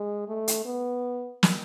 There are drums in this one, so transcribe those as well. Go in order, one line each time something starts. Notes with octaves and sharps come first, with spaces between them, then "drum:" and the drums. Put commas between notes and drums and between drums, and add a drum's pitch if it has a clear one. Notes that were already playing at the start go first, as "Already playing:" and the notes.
Already playing: G#3
A3
drum: hi-hat
B3
drum: snare